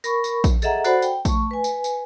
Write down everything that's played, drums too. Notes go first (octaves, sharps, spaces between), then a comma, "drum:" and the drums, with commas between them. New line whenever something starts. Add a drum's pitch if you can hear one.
A#4 B5 C#6, drum: tambourine
drum: tambourine
drum: kick A#1, tambourine
G#4 A4 D#5 E5 F#5 A#5, drum: tambourine
F#4 A4 C5 D5 F#5 B5, drum: tambourine
G5, drum: tambourine
A3 C#6, drum: kick A#1, tambourine
B4 G#5
drum: tambourine
drum: tambourine